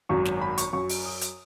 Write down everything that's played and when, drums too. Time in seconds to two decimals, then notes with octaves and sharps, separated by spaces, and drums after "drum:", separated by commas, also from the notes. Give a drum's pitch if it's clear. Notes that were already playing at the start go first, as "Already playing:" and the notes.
0.09 G#1 F#2 F#3 C#6
0.25 drum: snare
0.41 B5
0.58 C#6, drum: hi-hat
0.73 F#2 F#3 C#6
0.89 drum: open hi-hat
1.05 D#6
1.21 drum: hi-hat